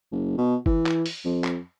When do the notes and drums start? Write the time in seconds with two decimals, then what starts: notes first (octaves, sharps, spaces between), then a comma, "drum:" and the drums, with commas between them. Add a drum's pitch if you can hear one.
0.12 F#1
0.38 B2
0.66 E3, drum: kick F#1
0.86 drum: clap
1.06 drum: open hi-hat
1.25 F2
1.44 drum: clap